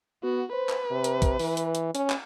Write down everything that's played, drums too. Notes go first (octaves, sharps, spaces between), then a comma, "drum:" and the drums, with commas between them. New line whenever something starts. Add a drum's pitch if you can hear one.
B3 F#4
B4 C5
drum: clap
C3
drum: hi-hat
drum: kick, hi-hat
E3, drum: open hi-hat
drum: hi-hat
drum: hi-hat
C#4, drum: hi-hat
drum: clap